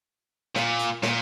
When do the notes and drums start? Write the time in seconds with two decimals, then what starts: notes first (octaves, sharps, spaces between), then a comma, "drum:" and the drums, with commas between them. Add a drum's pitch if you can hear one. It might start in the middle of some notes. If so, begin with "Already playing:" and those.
0.56 A#2, drum: snare
0.79 drum: hi-hat
1.03 A#2, drum: snare